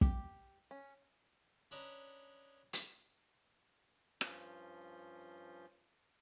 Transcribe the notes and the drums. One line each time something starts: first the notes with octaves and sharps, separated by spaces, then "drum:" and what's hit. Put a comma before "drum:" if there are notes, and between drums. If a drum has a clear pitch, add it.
G4, drum: kick
C#4
C#4 D4 B4 D#5 A#5
drum: hi-hat
G2 F3 C#4 F4 G6, drum: rim click